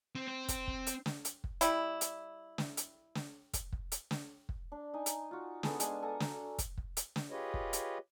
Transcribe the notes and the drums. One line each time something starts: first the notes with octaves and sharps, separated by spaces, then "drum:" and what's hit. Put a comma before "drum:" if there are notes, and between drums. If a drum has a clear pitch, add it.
C4
C4
drum: kick, hi-hat
drum: kick
drum: hi-hat
drum: snare
drum: hi-hat
drum: kick
G3 E4, drum: hi-hat
drum: hi-hat
drum: snare
drum: hi-hat
drum: snare
drum: kick, hi-hat
drum: kick
drum: hi-hat
drum: snare
drum: kick
D4
D#4 G#5
drum: hi-hat
F4 F#4
B3 G#4 A4, drum: snare
G#3 D4 G#5 A5, drum: hi-hat
A4 F#5 G#5 A#5
drum: snare
drum: kick, hi-hat
drum: kick
drum: hi-hat
drum: snare
F4 G4 G#4 B4 C#5 D#5
drum: kick
drum: hi-hat